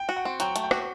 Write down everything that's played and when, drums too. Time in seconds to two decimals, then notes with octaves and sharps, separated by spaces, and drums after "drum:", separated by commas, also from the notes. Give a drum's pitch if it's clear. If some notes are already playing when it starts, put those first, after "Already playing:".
Already playing: G5
0.09 F#4
0.16 F#5
0.25 C4
0.40 F#3 G5, drum: hi-hat
0.56 A3, drum: hi-hat
0.64 G5
0.71 F#4, drum: rim click